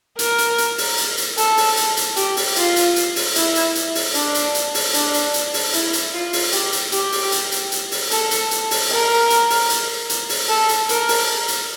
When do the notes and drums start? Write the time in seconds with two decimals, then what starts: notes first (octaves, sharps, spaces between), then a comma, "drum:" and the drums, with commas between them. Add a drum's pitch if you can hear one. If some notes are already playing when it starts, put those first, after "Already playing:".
0.19 A#4, drum: hi-hat
0.38 drum: hi-hat
0.58 drum: hi-hat
0.78 drum: open hi-hat
0.98 drum: hi-hat
1.18 drum: hi-hat
1.37 A4, drum: hi-hat
1.57 drum: open hi-hat
1.77 drum: hi-hat
1.97 drum: hi-hat
2.17 G4, drum: hi-hat
2.37 drum: open hi-hat
2.56 F4, drum: hi-hat
2.76 drum: hi-hat
2.96 drum: hi-hat
3.16 drum: open hi-hat
3.36 E4, drum: hi-hat
3.55 drum: hi-hat
3.75 drum: hi-hat
3.95 drum: open hi-hat
4.15 D4, drum: hi-hat
4.35 drum: hi-hat
4.55 drum: hi-hat
4.74 drum: open hi-hat
4.94 D4, drum: hi-hat
5.14 drum: hi-hat
5.34 drum: hi-hat
5.54 drum: open hi-hat
5.74 E4, drum: hi-hat
5.93 drum: hi-hat
6.13 F4
6.33 drum: open hi-hat
6.53 G4, drum: hi-hat
6.73 drum: hi-hat
6.92 G4, drum: hi-hat
7.12 drum: open hi-hat
7.32 drum: hi-hat
7.52 drum: hi-hat
7.72 drum: hi-hat
7.92 drum: open hi-hat
8.11 A4, drum: hi-hat
8.31 drum: hi-hat
8.51 drum: hi-hat
8.71 drum: open hi-hat
8.91 A#4
9.30 drum: hi-hat
9.50 drum: open hi-hat
9.70 drum: hi-hat
10.10 drum: hi-hat
10.29 drum: open hi-hat
10.49 A4
10.69 drum: hi-hat
10.89 A#4, drum: hi-hat
11.09 drum: open hi-hat
11.48 drum: hi-hat